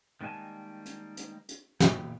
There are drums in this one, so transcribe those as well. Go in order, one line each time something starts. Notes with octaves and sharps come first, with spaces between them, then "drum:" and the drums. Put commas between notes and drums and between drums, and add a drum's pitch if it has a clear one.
D#3 G3 G#3 A#3 G#5 A5
drum: hi-hat
drum: hi-hat
drum: hi-hat
A#2 D3 E3 B3 G4, drum: snare